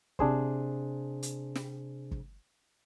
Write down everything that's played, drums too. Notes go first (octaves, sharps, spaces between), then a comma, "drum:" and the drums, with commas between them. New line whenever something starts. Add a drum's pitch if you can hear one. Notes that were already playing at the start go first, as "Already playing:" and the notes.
C3 D4 G#4 C5, drum: kick
drum: hi-hat
drum: snare
drum: kick